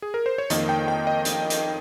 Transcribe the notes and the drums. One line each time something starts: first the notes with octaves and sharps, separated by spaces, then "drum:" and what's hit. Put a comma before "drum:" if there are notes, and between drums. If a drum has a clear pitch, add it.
G#4
A#4
C5
C#5
F2 D#3 A#3 D#5, drum: hi-hat
G5
G5
D#5
drum: hi-hat
drum: hi-hat